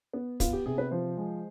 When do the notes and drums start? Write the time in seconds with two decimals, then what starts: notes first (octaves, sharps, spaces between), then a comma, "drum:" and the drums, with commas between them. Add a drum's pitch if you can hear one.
0.13 B3
0.40 B3 F4, drum: kick, hi-hat
0.53 G4
0.66 C3 G#4
0.78 B4
0.91 F3 C5
1.17 G#3